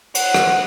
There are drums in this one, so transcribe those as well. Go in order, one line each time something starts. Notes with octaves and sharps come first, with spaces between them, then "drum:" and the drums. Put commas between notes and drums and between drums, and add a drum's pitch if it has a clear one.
F#5, drum: cymbal
drum: rim click